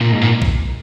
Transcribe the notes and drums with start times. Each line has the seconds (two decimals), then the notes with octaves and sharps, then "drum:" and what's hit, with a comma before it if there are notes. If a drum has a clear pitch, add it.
0.01 A#2
0.12 G#2
0.21 A#2
0.42 drum: kick